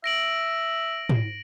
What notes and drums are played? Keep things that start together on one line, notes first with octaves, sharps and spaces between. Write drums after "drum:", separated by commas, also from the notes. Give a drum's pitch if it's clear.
E5 A#6 D7 F#7
drum: tom